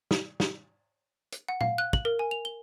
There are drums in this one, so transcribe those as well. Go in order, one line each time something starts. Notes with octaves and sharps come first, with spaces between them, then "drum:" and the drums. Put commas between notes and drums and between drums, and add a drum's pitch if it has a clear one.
drum: snare
drum: snare
drum: hi-hat
F#5
F5, drum: tom A#2
F#6
F#7, drum: kick
A#4
G#5
F7
G7